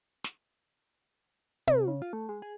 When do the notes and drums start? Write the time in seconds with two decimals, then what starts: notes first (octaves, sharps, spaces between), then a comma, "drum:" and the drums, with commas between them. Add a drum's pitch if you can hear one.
0.24 drum: snare
1.68 C3, drum: tom
1.88 C#3
2.02 F4
2.13 A3
2.29 G#3
2.42 G#4